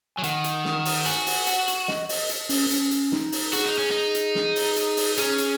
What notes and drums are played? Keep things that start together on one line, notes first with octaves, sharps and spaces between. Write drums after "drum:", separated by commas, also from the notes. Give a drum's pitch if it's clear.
F#3 G#5
D#3 F#5, drum: hi-hat
drum: hi-hat
drum: snare
drum: open hi-hat
F#4 G#5, drum: hi-hat
drum: open hi-hat
F#5, drum: hi-hat
drum: hi-hat
D#5, drum: snare
D#5, drum: open hi-hat
drum: hi-hat
C#4, drum: open hi-hat
C#4, drum: hi-hat
drum: hi-hat
D#4, drum: snare
drum: open hi-hat
F#4 G#4, drum: hi-hat
D#4
C#4
D#4
drum: hi-hat
drum: snare
drum: open hi-hat
drum: hi-hat
drum: open hi-hat
C#4 G#4, drum: hi-hat
drum: hi-hat